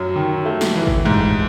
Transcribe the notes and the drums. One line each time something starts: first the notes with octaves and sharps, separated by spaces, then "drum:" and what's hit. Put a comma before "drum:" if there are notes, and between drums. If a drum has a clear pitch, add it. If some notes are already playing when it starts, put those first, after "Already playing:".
Already playing: F#2 F#3
D#3
A3
drum: snare
E3
drum: kick
G#2, drum: tom